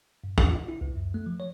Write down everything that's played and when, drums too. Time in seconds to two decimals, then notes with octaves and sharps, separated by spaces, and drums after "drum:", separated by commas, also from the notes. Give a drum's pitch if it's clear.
0.24 G2
0.38 E2, drum: kick
0.51 F4
0.68 E4
0.81 C#2
0.95 F#2
1.14 A3
1.26 F3
1.40 C#5